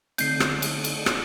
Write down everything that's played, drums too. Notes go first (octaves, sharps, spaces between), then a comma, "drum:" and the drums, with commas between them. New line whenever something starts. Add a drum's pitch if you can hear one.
D3 A3 C4 G6 C7, drum: cymbal
drum: rim click
drum: cymbal
drum: cymbal
drum: rim click